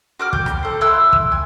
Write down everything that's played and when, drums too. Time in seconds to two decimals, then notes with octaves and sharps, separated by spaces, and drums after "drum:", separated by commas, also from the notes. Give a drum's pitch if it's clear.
0.19 F#4 D6 F6
0.33 G5, drum: kick
0.46 drum: rim click
0.63 A4 C5
0.81 E4 C6 E6 F#6
1.13 drum: kick
1.32 G#5